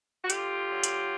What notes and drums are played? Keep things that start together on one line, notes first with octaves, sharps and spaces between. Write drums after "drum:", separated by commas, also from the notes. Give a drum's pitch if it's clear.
F#4
D3 F4 G4, drum: hi-hat
F#3
drum: hi-hat